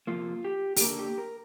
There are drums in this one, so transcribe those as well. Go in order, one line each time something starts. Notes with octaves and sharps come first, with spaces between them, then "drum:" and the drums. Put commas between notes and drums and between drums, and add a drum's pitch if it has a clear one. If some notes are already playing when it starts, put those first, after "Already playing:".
C3 F3 A#3 F4
G4
G4, drum: open hi-hat
D3 A#3 D4 A#4
G4
A#4